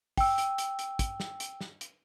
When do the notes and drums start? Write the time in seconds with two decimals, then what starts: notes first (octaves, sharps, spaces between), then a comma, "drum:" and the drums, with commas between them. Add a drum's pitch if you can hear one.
0.17 G5 E6, drum: kick, open hi-hat
0.38 drum: hi-hat
0.58 drum: hi-hat
0.79 drum: hi-hat
0.99 drum: kick, hi-hat
1.20 drum: snare
1.40 drum: hi-hat
1.61 drum: snare
1.81 drum: hi-hat